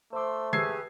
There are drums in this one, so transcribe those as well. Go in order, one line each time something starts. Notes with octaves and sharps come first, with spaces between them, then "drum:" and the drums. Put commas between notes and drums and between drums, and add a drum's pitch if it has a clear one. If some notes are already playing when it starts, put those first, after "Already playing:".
A3 C5 C6 D6 E6
G4 G#4 B4 E6 G#6 C7, drum: tom D3